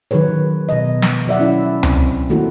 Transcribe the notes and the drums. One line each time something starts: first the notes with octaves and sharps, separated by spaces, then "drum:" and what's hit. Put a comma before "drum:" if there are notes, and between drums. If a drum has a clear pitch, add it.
D#3 F#3 G#4 B4 C#5
B2 D#5
drum: snare
F#3 D5 E5 F#5
C#4 E4 G#4
C4, drum: tom C#2
D#3 A3 A#3 E4 F#4